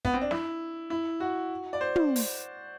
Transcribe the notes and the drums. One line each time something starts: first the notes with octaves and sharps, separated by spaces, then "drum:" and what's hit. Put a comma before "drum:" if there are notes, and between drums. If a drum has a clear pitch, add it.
B3, drum: kick
C4
D4
E4, drum: snare
E4
F#4
D5
C5
drum: tom
drum: open hi-hat